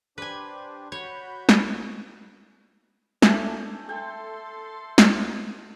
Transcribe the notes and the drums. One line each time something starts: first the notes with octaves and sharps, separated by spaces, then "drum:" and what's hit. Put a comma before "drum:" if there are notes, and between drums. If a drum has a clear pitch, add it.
D4 G4 B4 C5 G#5
F#4 C#5 B5 G6
drum: snare
A3 D4 G5 G#5, drum: snare
A4 G5 C6
drum: snare